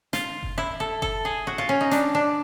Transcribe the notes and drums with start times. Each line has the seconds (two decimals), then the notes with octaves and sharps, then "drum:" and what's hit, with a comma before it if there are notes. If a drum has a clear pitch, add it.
0.13 F4, drum: snare
0.43 drum: kick F#1
0.58 E4
0.80 A4
1.02 A4, drum: kick F#1
1.25 G#4
1.47 F#4
1.58 F4
1.69 C#4
1.81 D#4
1.91 D4, drum: snare
2.15 D4